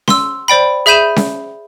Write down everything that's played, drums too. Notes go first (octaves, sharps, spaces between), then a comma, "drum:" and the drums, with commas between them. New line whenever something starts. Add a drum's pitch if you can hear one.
C6 E6, drum: snare C#4
C5 D5 G5 B5
G#4 E5 B5 G6 D#7 E7
drum: snare C#4